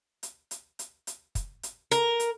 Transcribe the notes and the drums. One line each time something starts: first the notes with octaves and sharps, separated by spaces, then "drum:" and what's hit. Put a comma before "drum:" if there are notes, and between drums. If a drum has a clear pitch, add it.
drum: hi-hat
drum: hi-hat
drum: hi-hat
drum: hi-hat
drum: kick, hi-hat
drum: hi-hat
A#4, drum: hi-hat
drum: hi-hat